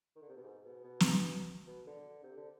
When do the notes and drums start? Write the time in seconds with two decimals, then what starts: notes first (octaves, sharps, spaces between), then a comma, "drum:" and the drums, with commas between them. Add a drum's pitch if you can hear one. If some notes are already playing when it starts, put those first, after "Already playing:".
0.16 D#3
0.22 D3
0.29 C3
0.36 B2
0.44 G#2
0.65 B2
0.84 B2
1.00 drum: snare
1.67 B2
1.87 D3
2.24 C3
2.37 D3